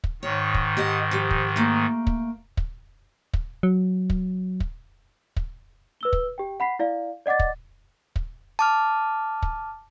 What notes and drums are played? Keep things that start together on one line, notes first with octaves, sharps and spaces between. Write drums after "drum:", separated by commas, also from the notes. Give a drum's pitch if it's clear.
drum: kick
G#2 D#3 C#5
drum: kick
G4 D#5 F#5
F3 G4
drum: kick
A3 A#3
drum: kick
drum: kick
drum: kick
F#3
drum: kick
drum: kick
drum: kick
B4 E6 G7
drum: kick
G4 G5
F#5 B5 B6 C7
E4 D5 F5
D5 D#5 F#5 D6 A6
drum: kick
drum: kick
A5 D6 F6
drum: kick